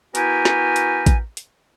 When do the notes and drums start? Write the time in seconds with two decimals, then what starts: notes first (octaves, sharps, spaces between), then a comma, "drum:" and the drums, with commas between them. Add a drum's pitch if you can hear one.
0.15 B3 E4 F#4 G4 A#4 G#5, drum: hi-hat
0.45 drum: snare
0.76 drum: hi-hat
1.06 drum: kick A1, hi-hat
1.37 drum: hi-hat